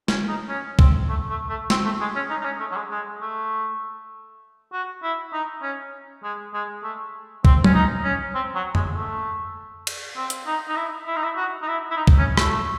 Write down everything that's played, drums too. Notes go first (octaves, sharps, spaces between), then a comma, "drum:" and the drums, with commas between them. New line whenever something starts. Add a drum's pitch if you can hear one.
C#4, drum: snare
D#4
C#4
C4, drum: kick C2
A3
A3
A3
C4, drum: snare
A3
G#3
C#4
D#4
D#4
C#4
A3
F#3
G#3
G#3
A3
F#4
E4
D#4
C#4
G#3
G#3
A3
C4, drum: kick C2
C#4, drum: tom F#3
D#4
C#4
C4
F#3
G#3, drum: tom F2
A3
drum: cymbal
C4
drum: hi-hat
D#4
D#4
E4
E4
D#4
E4
F#4
D#4
E4
E4
D#4
drum: kick C2
C#4
A3, drum: rim click